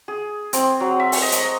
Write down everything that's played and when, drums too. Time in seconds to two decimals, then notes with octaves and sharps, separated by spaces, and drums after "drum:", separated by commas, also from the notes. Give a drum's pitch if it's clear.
0.08 G#4
0.53 C4, drum: hi-hat
0.80 F#3
1.00 E5
1.12 drum: open hi-hat
1.22 D#5
1.32 drum: hi-hat